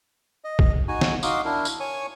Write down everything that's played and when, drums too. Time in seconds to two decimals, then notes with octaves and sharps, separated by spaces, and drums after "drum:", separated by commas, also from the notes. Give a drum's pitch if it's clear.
0.44 D#5
0.59 drum: kick
0.88 D#4 F#4 G#5
1.01 drum: snare
1.23 D#4 F#4 F5 C6 D6 D#6, drum: tambourine
1.45 D4 E4 A#4
1.65 drum: tambourine
1.80 C#5 G#5 C#6